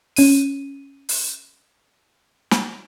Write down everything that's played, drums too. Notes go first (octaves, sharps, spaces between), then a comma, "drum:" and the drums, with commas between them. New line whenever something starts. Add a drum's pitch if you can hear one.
C#4 D#7, drum: open hi-hat
drum: open hi-hat
drum: snare